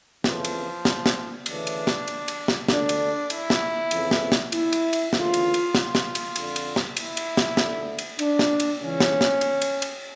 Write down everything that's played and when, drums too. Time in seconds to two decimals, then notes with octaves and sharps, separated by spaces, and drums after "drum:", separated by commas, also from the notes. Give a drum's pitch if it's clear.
0.24 F2 C#3 E3 F3, drum: snare
0.44 drum: cymbal
0.85 drum: snare
1.06 drum: snare
1.46 D2 C#3 E3 D4, drum: cymbal
1.67 drum: cymbal
1.87 drum: snare
2.08 drum: cymbal
2.28 drum: cymbal
2.48 drum: snare
2.68 D2 D3 D4, drum: snare
2.89 drum: cymbal
3.30 E4, drum: cymbal
3.50 drum: snare
3.91 F2 C#3 E3, drum: cymbal
4.11 drum: snare
4.32 drum: snare
4.52 E4, drum: cymbal
4.72 drum: cymbal
4.93 drum: cymbal
5.13 D2 C#3 E3 F4, drum: snare
5.34 drum: cymbal
5.54 drum: cymbal
5.75 F4, drum: snare
5.95 drum: snare
6.15 drum: cymbal
6.36 F2 D3, drum: cymbal
6.56 drum: cymbal
6.76 drum: snare
6.97 E4, drum: cymbal
7.17 drum: cymbal
7.37 drum: snare
7.57 D2 D3, drum: snare
7.99 drum: cymbal
8.19 D4, drum: cymbal
8.39 drum: snare
8.60 drum: cymbal
8.80 C#2 C#3 E3 C#4
9.00 drum: snare
9.21 drum: snare
9.41 drum: cymbal
9.62 drum: cymbal
9.82 drum: cymbal